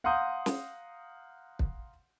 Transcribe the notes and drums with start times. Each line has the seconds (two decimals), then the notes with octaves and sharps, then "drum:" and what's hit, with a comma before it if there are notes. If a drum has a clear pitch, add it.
0.04 F5 F#5 A#5 C6 D#6 G6
0.46 drum: snare
1.59 drum: kick